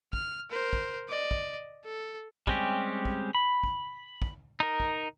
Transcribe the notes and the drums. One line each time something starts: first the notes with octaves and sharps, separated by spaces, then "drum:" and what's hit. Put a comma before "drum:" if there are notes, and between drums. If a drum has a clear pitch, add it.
F6, drum: kick
A#4 C5
drum: kick
D5 D#5
drum: kick
A4
G3 G#3 C4 C#4 G4, drum: kick
drum: kick
B5
drum: kick
drum: kick
D#4 A#4
drum: kick